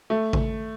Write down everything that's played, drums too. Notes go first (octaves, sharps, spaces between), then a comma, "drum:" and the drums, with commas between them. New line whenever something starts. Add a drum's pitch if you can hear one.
A3
drum: kick A1